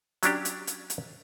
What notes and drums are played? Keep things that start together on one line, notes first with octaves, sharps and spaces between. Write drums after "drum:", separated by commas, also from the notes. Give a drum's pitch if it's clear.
F#3 C#4 D4 G4, drum: hi-hat
drum: hi-hat
drum: hi-hat
drum: hi-hat